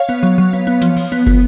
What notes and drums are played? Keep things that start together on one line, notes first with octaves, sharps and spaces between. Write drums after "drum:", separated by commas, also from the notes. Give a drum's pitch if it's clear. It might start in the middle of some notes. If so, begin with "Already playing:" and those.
Already playing: C#5 F5
B3
F#3
F#3
B3
B3
F3, drum: hi-hat
F3, drum: cymbal
B3
B3, drum: kick